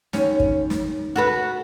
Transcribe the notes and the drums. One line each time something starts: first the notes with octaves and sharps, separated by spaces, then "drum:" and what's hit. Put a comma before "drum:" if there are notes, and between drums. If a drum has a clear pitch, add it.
D#2 C#4, drum: snare
drum: kick
drum: snare
F#4 A4 B4